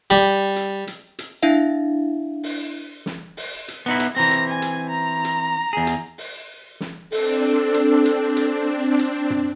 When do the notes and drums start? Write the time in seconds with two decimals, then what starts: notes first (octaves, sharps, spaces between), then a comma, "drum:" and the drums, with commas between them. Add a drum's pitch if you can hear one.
0.10 G3
0.56 drum: hi-hat
0.87 drum: hi-hat
1.19 drum: hi-hat
1.43 D4 E4 E5 F5
2.43 drum: open hi-hat
3.06 drum: snare
3.37 drum: open hi-hat
3.68 drum: hi-hat
3.86 B3 D#4 E4
4.00 drum: hi-hat
4.16 E3 C4 A#5 A#6
4.31 drum: hi-hat
4.48 G#5
4.62 drum: hi-hat
4.89 A#5
5.24 drum: hi-hat
5.73 E2 G#4
5.87 drum: hi-hat
6.18 drum: open hi-hat
6.80 drum: snare
7.12 C4 D4 A4, drum: open hi-hat
7.74 drum: hi-hat
8.05 drum: hi-hat
8.37 drum: hi-hat
8.99 drum: hi-hat
9.30 drum: tom